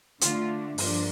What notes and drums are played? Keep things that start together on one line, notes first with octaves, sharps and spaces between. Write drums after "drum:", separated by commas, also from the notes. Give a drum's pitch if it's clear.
D3 A3 D4 F4, drum: hi-hat
G2 F3 A#3 D4 F4, drum: open hi-hat